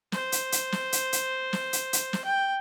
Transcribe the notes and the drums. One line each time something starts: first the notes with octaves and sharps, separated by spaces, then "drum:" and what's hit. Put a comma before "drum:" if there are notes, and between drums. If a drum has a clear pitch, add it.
C5, drum: snare
drum: hi-hat
drum: hi-hat
drum: snare
drum: hi-hat
drum: hi-hat
drum: snare
drum: hi-hat
drum: hi-hat
drum: snare
G5